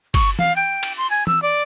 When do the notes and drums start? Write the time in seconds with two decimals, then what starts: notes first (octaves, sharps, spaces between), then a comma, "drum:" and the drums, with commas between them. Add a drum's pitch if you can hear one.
0.14 C#6, drum: kick G1, cymbal
0.39 F5, drum: tom E3
0.56 G5
0.83 drum: cymbal
0.97 C6
1.10 G#5
1.27 E6, drum: tom E3
1.42 D5